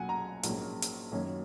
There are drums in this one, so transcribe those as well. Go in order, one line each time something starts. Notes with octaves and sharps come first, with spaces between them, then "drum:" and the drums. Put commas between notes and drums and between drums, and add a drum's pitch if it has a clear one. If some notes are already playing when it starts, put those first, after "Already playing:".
Already playing: B1 A#2 F#3 C#4 F#5 G#5
A#5
A#1 G#2 F#3 A#3 C#4, drum: hi-hat
drum: hi-hat
F#2 D#3 F#3 A#3 C#4